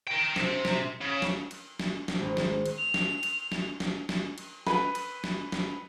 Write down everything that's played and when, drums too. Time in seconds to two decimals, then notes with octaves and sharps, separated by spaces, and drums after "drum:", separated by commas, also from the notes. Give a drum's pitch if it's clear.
0.07 A#4 G5
0.36 C3, drum: snare
0.65 drum: snare
1.01 C#3
1.22 drum: snare
1.51 drum: cymbal
1.80 drum: snare
2.08 drum: snare
2.20 G#1
2.37 drum: snare
2.66 drum: cymbal
2.78 F7
2.94 drum: snare
3.23 drum: cymbal
3.52 drum: snare
3.80 drum: snare
4.09 drum: snare
4.38 drum: cymbal
4.67 B4, drum: snare
4.95 drum: cymbal
5.24 drum: snare
5.52 drum: snare